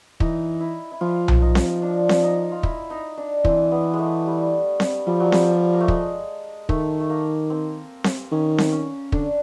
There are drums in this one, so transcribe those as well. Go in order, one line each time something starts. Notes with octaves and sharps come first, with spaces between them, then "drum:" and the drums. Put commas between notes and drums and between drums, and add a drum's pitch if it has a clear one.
E3 D#4, drum: kick
E4
E4
F3 F4
drum: tom B1
D#4
drum: snare C4
D4
drum: snare C4
D#4
F4
E4, drum: kick
D#4
D4
E3 C4, drum: kick
B3
G#3
A3
G3
drum: snare C4
F3 G3
F#3
G3, drum: snare C4
G3
A#3
A3
G#3, drum: kick
D#3 A3, drum: kick
A3
A#3
C4
drum: snare C4
D#3 C#4
drum: snare C4
C#4
D3 D4, drum: kick